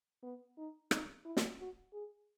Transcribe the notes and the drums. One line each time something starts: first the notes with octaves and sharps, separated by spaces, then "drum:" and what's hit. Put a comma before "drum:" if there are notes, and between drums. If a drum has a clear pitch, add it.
B3
D#4
D#4, drum: rim click
E4
drum: snare
F#4
G#4